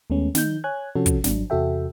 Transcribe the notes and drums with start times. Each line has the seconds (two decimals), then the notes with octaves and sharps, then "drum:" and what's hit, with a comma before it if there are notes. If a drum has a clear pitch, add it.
0.10 D#2 G#3 A3 B3 C#4
0.35 D#3 D#4 G6, drum: snare
0.64 C#5 G#5 F#6 G#6
0.96 C3 F3 C#4 F#4 A4
1.06 drum: kick, hi-hat
1.24 G#1 F#3 D4, drum: snare
1.50 E2 C3 F#4 A4 E5 G5